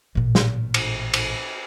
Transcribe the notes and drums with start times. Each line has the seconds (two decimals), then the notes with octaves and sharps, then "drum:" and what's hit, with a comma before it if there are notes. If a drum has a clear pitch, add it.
0.15 A1 A#2
0.35 drum: snare
0.74 drum: cymbal
1.13 drum: cymbal